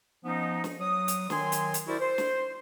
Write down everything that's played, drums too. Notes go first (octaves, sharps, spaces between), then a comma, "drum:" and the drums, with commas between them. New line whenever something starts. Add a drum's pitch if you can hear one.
F3 B3 C#4 D#4
drum: snare
F#3 D#6
drum: hi-hat
D#3 F#3 G#5 C6, drum: snare
drum: hi-hat
drum: hi-hat
E4 F#4 A#4 C5 D5
C5
drum: snare